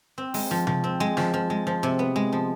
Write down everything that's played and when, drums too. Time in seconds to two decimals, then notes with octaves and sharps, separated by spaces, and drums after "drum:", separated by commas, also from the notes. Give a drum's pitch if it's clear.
0.18 C4
0.34 G#3, drum: open hi-hat
0.51 F3
0.67 F3, drum: tom C3
0.84 C4
1.00 G#3
1.17 F3, drum: snare
1.34 F3
1.50 G#3
1.67 F3
1.83 C3
1.99 B3
2.16 G#3
2.33 F3